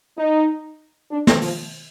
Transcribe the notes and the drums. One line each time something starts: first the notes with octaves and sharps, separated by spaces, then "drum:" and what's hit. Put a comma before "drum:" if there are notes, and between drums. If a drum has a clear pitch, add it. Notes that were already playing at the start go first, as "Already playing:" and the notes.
D#4
D4
drum: snare
F3, drum: open hi-hat